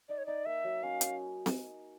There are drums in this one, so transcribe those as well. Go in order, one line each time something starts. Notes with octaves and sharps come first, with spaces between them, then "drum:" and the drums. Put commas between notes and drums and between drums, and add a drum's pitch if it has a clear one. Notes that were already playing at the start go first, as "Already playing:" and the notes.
D#4 D5
C#5
D#4 D5
A#3 E5
F#3
C#4 F5
C#4, drum: hi-hat
drum: snare C4